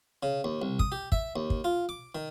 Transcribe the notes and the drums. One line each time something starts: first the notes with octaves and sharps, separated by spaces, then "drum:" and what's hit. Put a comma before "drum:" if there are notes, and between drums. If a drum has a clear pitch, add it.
C#3
D#2
C2
D#6, drum: kick
G4
E5, drum: kick
D#2
drum: kick
F4
D6
D#3